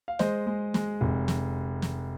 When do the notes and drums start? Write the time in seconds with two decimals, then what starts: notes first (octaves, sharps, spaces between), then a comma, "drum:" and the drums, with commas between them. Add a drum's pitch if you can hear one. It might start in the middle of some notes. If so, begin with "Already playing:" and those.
0.08 F5
0.19 G#3 C5 D#5, drum: snare
0.46 G#3
0.74 G#3, drum: snare
1.01 F1
1.28 drum: snare
1.82 drum: snare